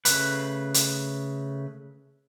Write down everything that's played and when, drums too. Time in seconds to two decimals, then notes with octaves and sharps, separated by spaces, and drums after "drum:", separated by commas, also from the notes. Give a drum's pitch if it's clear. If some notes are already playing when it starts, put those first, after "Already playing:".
0.05 C#3 A3 B4, drum: hi-hat
0.74 drum: hi-hat